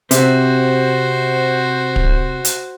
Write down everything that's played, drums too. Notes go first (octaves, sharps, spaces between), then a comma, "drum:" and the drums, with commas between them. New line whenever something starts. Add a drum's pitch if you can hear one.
C3 F#4 C5, drum: hi-hat
drum: kick
drum: hi-hat